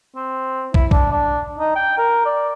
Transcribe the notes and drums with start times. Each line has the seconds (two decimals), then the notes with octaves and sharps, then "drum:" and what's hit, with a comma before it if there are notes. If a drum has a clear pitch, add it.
0.16 C4
0.74 E4, drum: kick
0.91 D4, drum: kick
1.12 D4
1.59 D#4
1.76 G5
1.98 A#4
2.26 D5